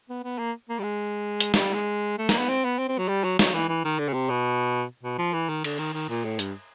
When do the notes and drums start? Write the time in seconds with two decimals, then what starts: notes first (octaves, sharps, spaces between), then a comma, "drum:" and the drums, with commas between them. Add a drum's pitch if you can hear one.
0.09 B3
0.23 B3
0.38 A#3
0.69 A#3
0.79 G3
0.83 G#3
1.40 drum: hi-hat
1.54 F#3, drum: snare
1.59 G3
1.73 G#3
2.18 A3
2.29 A#3, drum: snare
2.38 B3
2.49 C4
2.64 B3
2.78 C4
2.88 C4
2.98 F#3
3.08 G3
3.24 F#3
3.39 F#3, drum: snare
3.53 E3
3.68 E3
3.84 D#3
3.99 D3
4.08 C#3
4.13 C3
4.29 B2
5.03 B2
5.18 F3
5.33 E3
5.49 D#3
5.64 D3, drum: cymbal
5.79 D#3
5.94 D#3
6.09 A#2
6.24 A2
6.39 G2, drum: hi-hat